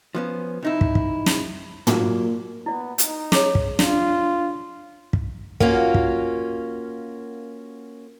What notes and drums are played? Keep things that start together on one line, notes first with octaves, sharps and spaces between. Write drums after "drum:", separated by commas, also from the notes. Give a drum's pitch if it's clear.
F3 B3 C#4
C3 D#4 E4
drum: kick
drum: kick
drum: snare
C2 A#2 F#3 A#3, drum: tom
B3 E4 D5
D#4, drum: hi-hat
G#4 C#5, drum: snare
drum: kick
D4 F4, drum: snare
drum: kick
A#3 C#4 F4 F#4, drum: kick
drum: kick